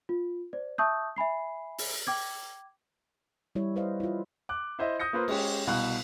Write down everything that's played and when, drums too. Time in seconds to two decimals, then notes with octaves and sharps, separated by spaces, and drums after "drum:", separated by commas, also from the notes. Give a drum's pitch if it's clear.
0.09 F4
0.53 C5 D5
0.78 E5 A5 C#6 D#6 E6 G6
1.16 E5 G#5 B5 C7
1.78 drum: open hi-hat
2.07 G5 D6 G#6
3.55 G3 E4 C#5
3.76 E4 B4 C5 D#5 F5
4.00 E4 F4
4.49 D6 F#6
4.79 E4 C5 D#5 E5
4.99 D#6 G6 A#6 C#7
5.13 A#3 F4 B4 C5
5.28 G#3 C#4 G4, drum: cymbal
5.67 C2 B2 F5 F#6